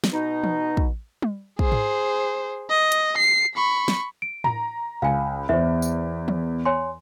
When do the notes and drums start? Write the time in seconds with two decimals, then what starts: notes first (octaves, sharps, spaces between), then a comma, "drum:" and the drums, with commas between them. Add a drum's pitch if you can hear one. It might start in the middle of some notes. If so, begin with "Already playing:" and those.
0.04 drum: snare
0.13 B2 D#4
0.44 drum: tom E3
0.77 drum: kick
1.22 drum: tom G3
1.59 G#4 C5, drum: kick
1.72 drum: tom G#2
2.70 D#5
2.92 drum: hi-hat
3.18 C7
3.55 B5 C#6
3.88 drum: snare
4.22 D7
4.44 A#5, drum: tom A2
5.02 C#2 F5 G#5
5.49 E2 C5 E5
5.82 drum: tambourine
6.28 drum: tom E3
6.65 C#5 G#5 C6